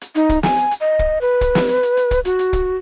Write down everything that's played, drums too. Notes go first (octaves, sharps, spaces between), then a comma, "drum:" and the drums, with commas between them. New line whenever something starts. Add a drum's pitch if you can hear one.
drum: hi-hat
D#4, drum: hi-hat
drum: kick, hi-hat
G#5, drum: snare
drum: hi-hat
drum: hi-hat
D#5
drum: kick
B4
drum: kick, hi-hat
drum: snare
drum: hi-hat
drum: hi-hat
drum: hi-hat
drum: kick, hi-hat
F#4, drum: hi-hat
drum: hi-hat
drum: kick, hi-hat